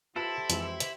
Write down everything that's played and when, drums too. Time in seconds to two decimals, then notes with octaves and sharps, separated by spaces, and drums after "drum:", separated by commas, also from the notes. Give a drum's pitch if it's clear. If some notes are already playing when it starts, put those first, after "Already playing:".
0.16 E4 F4 G4 A4 B4 C5
0.50 F2 E3 G#3, drum: hi-hat
0.80 drum: hi-hat